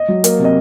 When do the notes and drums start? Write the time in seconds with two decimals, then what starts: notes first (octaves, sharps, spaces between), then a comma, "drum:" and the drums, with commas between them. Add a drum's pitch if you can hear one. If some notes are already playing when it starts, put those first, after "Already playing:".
Already playing: D#5
0.08 F#3
0.24 A#3, drum: hi-hat
0.39 C3
0.44 D#5